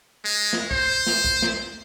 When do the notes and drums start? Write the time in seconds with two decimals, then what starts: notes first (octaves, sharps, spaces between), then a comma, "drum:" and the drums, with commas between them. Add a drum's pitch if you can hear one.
0.24 G#3
0.53 drum: snare
0.71 C5, drum: kick
1.07 drum: snare
1.24 drum: kick
1.42 drum: snare